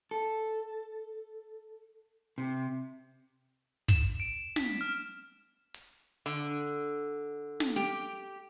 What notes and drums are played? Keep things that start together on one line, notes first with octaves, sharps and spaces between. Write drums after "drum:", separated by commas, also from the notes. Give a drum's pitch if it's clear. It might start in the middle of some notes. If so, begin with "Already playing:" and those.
A4
C3
E7, drum: kick
D7
B6, drum: snare
F6
drum: hi-hat
D3
drum: snare
G4